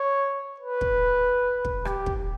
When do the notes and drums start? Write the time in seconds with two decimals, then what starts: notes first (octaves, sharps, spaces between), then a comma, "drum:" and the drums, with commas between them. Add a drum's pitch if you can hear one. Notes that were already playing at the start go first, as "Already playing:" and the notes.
Already playing: C#5
0.60 B4
0.81 drum: kick
1.65 drum: kick
1.85 G4, drum: rim click
2.06 drum: kick